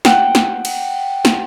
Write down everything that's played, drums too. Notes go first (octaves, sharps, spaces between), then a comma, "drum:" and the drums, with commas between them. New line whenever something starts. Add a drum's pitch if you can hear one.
F#5 G5, drum: snare
drum: snare
drum: cymbal
drum: snare